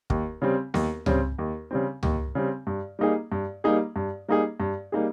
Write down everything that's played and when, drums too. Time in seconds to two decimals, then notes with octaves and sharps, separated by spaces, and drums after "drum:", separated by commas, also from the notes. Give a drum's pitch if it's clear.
0.10 D#2, drum: kick
0.42 C#3 G3 C4
0.74 D#2, drum: snare B3
1.06 C#3 G3 C4, drum: tom C#2
1.38 D#2
1.71 C#3 G3 C4
2.03 D#2, drum: tom C#2
2.35 C#3 G3 C4
2.67 G2
2.99 G3 A#3 D#4 G#4
3.32 G2
3.64 G3 A#3 D#4 G#4
3.96 G2
4.28 G3 A#3 D#4 G#4
4.60 G2
4.92 G3 A#3 D#4 G#4